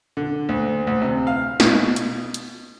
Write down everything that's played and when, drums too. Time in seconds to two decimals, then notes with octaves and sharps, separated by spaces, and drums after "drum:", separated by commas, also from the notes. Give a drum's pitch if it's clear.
0.17 D3
0.49 D2
0.87 D2
1.02 C3
1.27 F5
1.60 B2, drum: snare
1.96 drum: hi-hat
2.34 drum: hi-hat